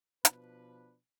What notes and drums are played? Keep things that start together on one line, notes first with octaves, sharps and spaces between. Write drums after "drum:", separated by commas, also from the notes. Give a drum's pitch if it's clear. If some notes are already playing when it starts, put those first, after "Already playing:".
B2 F3 D4 B4, drum: hi-hat